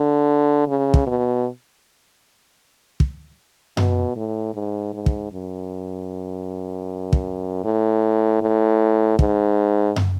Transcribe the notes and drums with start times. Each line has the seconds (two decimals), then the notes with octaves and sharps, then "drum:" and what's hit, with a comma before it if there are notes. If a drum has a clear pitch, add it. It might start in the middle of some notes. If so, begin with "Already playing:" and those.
Already playing: D3
0.68 C#3
0.94 drum: kick
1.07 B2
3.00 drum: kick
3.77 B2, drum: tom F#2
4.16 A2
4.55 G#2
4.94 G#2
5.06 drum: kick
5.32 F#2
7.13 drum: kick
7.64 A2
8.42 A2
9.19 G#2, drum: kick
9.96 drum: tom F#2